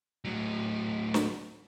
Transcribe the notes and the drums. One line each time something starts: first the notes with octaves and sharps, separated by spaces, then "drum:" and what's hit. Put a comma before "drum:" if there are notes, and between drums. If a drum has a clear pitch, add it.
A2 F#3
drum: snare